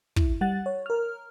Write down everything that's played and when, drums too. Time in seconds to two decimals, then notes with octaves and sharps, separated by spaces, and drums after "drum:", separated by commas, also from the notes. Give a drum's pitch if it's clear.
0.16 E4, drum: kick
0.41 G3 F#5 F#6 A6
0.66 C#5
0.86 A#4 F6